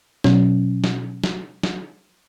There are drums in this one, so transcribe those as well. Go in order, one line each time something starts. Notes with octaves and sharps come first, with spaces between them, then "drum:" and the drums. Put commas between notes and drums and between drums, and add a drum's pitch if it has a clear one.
B2 F#3 C#4, drum: snare
drum: snare
drum: snare
drum: snare